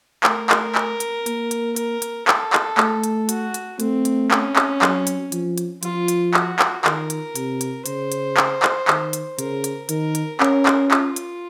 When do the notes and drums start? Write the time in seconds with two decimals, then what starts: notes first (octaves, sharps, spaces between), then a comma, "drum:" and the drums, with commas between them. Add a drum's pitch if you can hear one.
0.23 A3 A#4, drum: clap
0.49 drum: clap
0.75 drum: clap
1.00 drum: hi-hat
1.26 A#3, drum: hi-hat
1.51 drum: hi-hat
1.76 A#4, drum: hi-hat
2.02 drum: hi-hat
2.28 A4, drum: clap
2.53 drum: clap
2.78 A3, drum: clap
3.04 drum: hi-hat
3.29 F#4, drum: hi-hat
3.54 drum: hi-hat
3.80 A3 C4, drum: hi-hat
4.05 drum: hi-hat
4.31 C#4, drum: clap
4.56 drum: clap
4.82 F#3, drum: clap
5.07 drum: hi-hat
5.32 F3, drum: hi-hat
5.58 drum: hi-hat
5.83 F3 F4, drum: hi-hat
6.08 drum: hi-hat
6.34 F#4, drum: clap
6.59 drum: clap
6.84 D#3 A#4, drum: clap
7.10 drum: hi-hat
7.35 C3, drum: hi-hat
7.61 drum: hi-hat
7.86 C#3 C5, drum: hi-hat
8.12 drum: hi-hat
8.37 drum: clap
8.62 drum: clap
8.88 D#3, drum: clap
9.13 drum: hi-hat
9.39 C#3 A#4, drum: hi-hat
9.64 drum: hi-hat
9.89 D#3 A#4, drum: hi-hat
10.15 drum: hi-hat
10.40 C#4 A#4, drum: clap
10.66 drum: clap
10.91 F4, drum: clap
11.16 drum: hi-hat